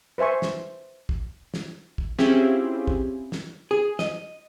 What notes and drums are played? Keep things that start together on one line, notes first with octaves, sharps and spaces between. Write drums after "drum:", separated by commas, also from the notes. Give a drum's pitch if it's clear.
B4 C5 E5 G#5 C#6
drum: snare
drum: kick
drum: snare
drum: kick
C4 C#4 E4 F4 G4 G#4, drum: snare
drum: kick
drum: snare
G#4
D#5, drum: snare